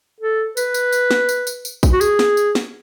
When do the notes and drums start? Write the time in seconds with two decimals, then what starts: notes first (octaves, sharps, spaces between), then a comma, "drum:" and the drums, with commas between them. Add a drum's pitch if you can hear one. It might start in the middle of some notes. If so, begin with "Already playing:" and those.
0.20 A4
0.57 B4, drum: tambourine
0.74 drum: tambourine
0.92 drum: tambourine
1.11 drum: snare
1.29 drum: tambourine
1.47 drum: tambourine
1.65 drum: tambourine
1.83 drum: kick, tambourine
1.93 F#4
2.01 G#4, drum: tambourine
2.19 drum: snare
2.37 drum: tambourine
2.55 drum: snare